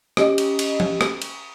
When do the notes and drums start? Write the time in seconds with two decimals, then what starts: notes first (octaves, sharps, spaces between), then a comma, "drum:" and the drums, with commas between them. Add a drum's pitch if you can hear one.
0.17 C#4 G4 D#5, drum: rim click
0.38 drum: cymbal
0.59 drum: cymbal
0.80 drum: tom E3
1.01 drum: rim click
1.22 drum: cymbal